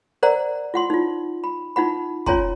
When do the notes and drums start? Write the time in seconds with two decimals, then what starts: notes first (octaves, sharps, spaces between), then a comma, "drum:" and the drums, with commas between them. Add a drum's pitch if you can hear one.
0.23 A#4 C5 D5 F#5 A#5
0.74 F4 F#5 C6
0.90 D#4 F4
1.44 B5
1.76 D#4 F4 F#5 B5
2.26 C#4 F4 C#5 G#5 A#5 C6, drum: kick